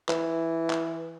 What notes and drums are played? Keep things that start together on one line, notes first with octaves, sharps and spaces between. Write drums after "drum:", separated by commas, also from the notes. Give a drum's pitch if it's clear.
E3, drum: clap
drum: clap